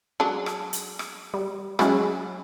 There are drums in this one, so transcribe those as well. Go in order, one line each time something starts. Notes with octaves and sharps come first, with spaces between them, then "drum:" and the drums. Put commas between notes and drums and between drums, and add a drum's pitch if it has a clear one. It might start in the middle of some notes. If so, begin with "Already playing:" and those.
F#3 G#3 D4
drum: rim click
drum: hi-hat
drum: rim click
G3
F#3 G#3 C#4 E4, drum: rim click